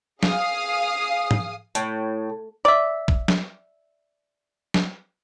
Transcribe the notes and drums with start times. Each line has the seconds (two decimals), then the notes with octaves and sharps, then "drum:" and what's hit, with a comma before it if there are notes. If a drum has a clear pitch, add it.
0.23 G#4 F5 D#6 C7, drum: snare
1.31 drum: tom G#2
1.75 A2, drum: hi-hat
2.65 D5 E5
3.08 drum: kick
3.28 drum: snare
4.74 drum: snare